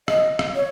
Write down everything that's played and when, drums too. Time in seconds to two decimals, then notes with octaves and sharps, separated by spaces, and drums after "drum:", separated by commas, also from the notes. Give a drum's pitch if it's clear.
0.08 D#5, drum: rim click
0.39 drum: rim click
0.55 C#5